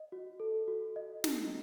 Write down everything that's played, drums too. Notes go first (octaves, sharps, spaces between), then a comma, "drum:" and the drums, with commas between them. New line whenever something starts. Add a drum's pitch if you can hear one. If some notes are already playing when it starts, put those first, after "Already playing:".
Already playing: D#5
F#4
A4
F#4
D#5
F#4, drum: snare